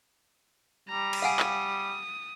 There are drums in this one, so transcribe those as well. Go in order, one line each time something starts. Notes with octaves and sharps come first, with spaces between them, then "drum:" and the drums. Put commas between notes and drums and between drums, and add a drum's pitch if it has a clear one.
G3 A#5
drum: cymbal
F5 F#5 G#5 D#6
drum: clap